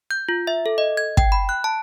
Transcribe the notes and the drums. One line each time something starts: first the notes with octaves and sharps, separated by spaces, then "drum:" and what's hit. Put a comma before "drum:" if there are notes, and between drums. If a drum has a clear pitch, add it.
G6
F4
E5
A4
D#5
G#6
G5, drum: kick
B5
F#6
A5